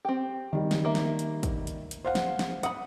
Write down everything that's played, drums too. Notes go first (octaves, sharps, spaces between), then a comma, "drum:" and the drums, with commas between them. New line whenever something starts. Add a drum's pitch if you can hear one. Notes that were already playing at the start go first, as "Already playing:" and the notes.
C4 G4
D#3 G3
drum: snare
A#3 E5
drum: snare
drum: hi-hat
drum: kick, hi-hat
drum: hi-hat
drum: hi-hat
C5 F5 F#5
drum: snare
drum: snare
F#5 B5 D#6, drum: hi-hat